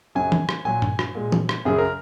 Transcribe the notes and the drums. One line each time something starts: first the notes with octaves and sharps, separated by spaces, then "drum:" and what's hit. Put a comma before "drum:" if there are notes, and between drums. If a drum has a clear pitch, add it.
F#2 C#3 F#3 G#5
drum: tom
drum: rim click
A#2 F#3 G#5
drum: tom G2
drum: rim click
A#2 G#3
drum: tom
drum: rim click
F#2 C#3 F#3 G#4
A#4